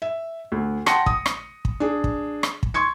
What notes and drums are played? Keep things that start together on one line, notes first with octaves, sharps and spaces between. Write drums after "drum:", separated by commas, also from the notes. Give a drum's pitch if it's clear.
E5
D2
F#5 G5 A5 C6 A#6 C#7, drum: rim click
D#6, drum: kick
drum: rim click
drum: kick
D4 G#4
drum: kick
drum: rim click
drum: kick
C6 C#6 G#6 C#7